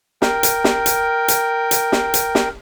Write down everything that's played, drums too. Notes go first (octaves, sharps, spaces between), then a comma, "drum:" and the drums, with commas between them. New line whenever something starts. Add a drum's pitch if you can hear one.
A#4 G5, drum: snare
drum: hi-hat
drum: snare
drum: hi-hat
drum: hi-hat
drum: hi-hat
drum: snare
drum: hi-hat
drum: snare